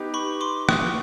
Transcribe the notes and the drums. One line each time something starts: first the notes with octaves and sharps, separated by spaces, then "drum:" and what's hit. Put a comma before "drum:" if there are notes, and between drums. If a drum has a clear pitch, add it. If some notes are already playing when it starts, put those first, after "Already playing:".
Already playing: B3 D#4 G4
B5 C#6
C6 D6
C#6 D#6, drum: rim click